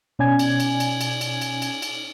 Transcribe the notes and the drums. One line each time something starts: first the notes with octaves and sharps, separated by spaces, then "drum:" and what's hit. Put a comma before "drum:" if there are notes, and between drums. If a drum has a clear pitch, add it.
B2 C#4 D5 G#5 G#6
drum: cymbal
drum: cymbal
drum: cymbal
drum: cymbal
drum: cymbal
drum: cymbal
drum: cymbal
drum: cymbal